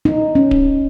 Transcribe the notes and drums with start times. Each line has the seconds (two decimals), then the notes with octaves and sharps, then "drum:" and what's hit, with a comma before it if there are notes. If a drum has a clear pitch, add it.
0.05 D#4
0.35 C#4
0.51 drum: kick D1